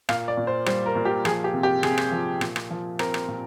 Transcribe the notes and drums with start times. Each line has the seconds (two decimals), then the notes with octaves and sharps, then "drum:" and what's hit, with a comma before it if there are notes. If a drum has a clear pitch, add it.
0.09 A#2 F5, drum: rim click
0.28 D5
0.37 A#2
0.47 C5
0.66 G3 C5, drum: rim click
0.86 A#4
0.95 A#2
1.05 G4
1.25 F3 G#4, drum: rim click
1.44 G4
1.54 C3
1.63 G4
1.83 C3 G#4, drum: rim click
1.98 drum: rim click
2.12 F3
2.41 A#2, drum: rim click
2.56 drum: rim click
2.70 F3
2.99 C4 A#4, drum: rim click
3.14 drum: rim click
3.28 A#2